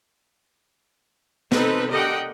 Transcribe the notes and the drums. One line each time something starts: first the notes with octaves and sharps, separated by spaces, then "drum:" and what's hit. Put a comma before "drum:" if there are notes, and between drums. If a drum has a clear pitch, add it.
C4 D#4 A4 B4, drum: snare
D3 G4 A#4 D#5 F#5 G5